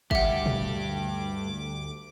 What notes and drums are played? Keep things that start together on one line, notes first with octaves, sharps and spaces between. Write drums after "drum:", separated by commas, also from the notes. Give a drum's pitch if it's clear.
D2 G2 G4 E5 F#5 D6, drum: kick
drum: tom A#2